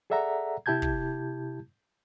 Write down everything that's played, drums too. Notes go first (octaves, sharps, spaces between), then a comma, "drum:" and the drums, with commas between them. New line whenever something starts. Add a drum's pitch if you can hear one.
G#4 A4 D5 E5 F#5 A#5
C3 E4 G4 A5 G6 G#6
drum: kick